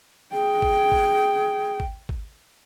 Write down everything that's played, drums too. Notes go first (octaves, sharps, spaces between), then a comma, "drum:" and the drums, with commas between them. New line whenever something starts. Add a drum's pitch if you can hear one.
G#4 G5
drum: kick G#1
drum: kick G#1
drum: kick G#1
drum: kick G#1